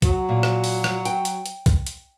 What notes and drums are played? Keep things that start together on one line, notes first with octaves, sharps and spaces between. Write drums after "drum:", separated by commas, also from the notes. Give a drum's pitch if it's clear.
F#3, drum: kick B1, hi-hat
A#2
drum: rim click
drum: open hi-hat
drum: rim click
G5, drum: hi-hat
drum: hi-hat
drum: hi-hat
drum: kick B1, hi-hat
drum: hi-hat